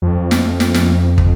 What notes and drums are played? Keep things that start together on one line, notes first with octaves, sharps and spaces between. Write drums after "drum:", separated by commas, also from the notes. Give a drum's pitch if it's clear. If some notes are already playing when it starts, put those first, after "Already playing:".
F2
drum: snare
drum: snare
drum: snare
drum: kick